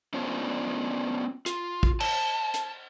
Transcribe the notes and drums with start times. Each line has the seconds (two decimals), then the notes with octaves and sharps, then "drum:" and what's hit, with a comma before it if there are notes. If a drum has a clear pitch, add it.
0.14 B3 C#4 D4 F4 C5 C#5
1.46 F4, drum: hi-hat
1.83 drum: kick
2.00 A5, drum: cymbal
2.54 drum: hi-hat